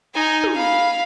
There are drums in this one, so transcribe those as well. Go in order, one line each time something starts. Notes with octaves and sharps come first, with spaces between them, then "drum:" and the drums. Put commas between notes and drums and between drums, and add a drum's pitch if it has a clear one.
D#4 G#5
drum: tom
F5 B5